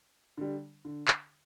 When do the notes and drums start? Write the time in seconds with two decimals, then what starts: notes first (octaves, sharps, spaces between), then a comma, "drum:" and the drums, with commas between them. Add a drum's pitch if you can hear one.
0.37 D3 G3
0.85 D3
1.08 drum: clap